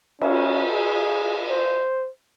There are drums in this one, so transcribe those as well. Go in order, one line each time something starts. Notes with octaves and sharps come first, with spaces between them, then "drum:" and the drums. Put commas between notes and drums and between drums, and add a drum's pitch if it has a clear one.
C#4, drum: cymbal
G#4
C5